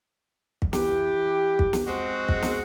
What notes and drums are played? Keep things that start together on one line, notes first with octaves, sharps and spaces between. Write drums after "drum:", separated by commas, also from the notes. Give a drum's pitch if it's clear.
drum: kick
E3 G4, drum: snare
drum: kick
drum: snare
G#3 C4 F#4
drum: kick
drum: snare